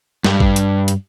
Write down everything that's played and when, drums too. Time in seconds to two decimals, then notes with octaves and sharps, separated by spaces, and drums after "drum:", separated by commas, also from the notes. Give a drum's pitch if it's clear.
0.24 G2, drum: snare
0.40 drum: kick A1
0.56 drum: hi-hat
0.88 drum: hi-hat